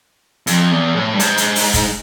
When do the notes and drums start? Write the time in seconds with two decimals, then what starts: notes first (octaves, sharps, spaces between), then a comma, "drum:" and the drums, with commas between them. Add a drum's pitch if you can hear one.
0.47 F2, drum: hi-hat
0.71 E2
0.96 A2
1.13 G2
1.20 G#2, drum: hi-hat
1.38 drum: hi-hat
1.56 drum: open hi-hat
1.74 drum: kick F#1, hi-hat